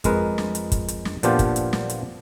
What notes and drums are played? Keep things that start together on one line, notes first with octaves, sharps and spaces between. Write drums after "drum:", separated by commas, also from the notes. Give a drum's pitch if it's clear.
F2 G#3 A#4 B4, drum: kick, hi-hat
drum: snare
drum: hi-hat
drum: kick, hi-hat
drum: hi-hat
drum: snare
A#2 F3 B3 D4 F4 G4, drum: hi-hat
drum: kick, hi-hat
drum: hi-hat
drum: snare
drum: hi-hat